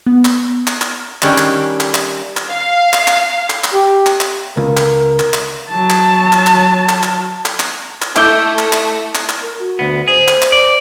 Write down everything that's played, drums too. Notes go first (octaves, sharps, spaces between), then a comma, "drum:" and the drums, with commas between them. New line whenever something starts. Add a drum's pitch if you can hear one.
B3
drum: clap
drum: clap
drum: clap
D#3 G3 C#4 D4, drum: clap
drum: clap
drum: clap
drum: clap
drum: clap
F5
drum: clap
drum: clap
drum: clap
drum: clap
G4
drum: clap
drum: clap
C#2 A#4
drum: clap
drum: clap
drum: clap
F#3 A5
drum: clap
drum: clap
drum: clap
drum: clap
drum: clap
drum: clap
drum: clap
drum: clap
A3 E4 D6 G6, drum: clap
drum: clap
drum: clap
drum: clap
drum: clap
A#4
F#4
D2 B3
G#4 C5
drum: clap
drum: clap
D5